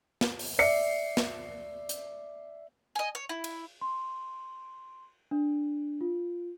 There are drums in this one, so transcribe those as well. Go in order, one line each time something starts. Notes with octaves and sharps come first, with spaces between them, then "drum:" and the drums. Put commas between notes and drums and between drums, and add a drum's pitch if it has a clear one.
drum: snare
drum: open hi-hat
D5 E5 C7 C#7
drum: snare
drum: hi-hat
D#5 G#5
C#5
E4
drum: cymbal
C6
D4
F4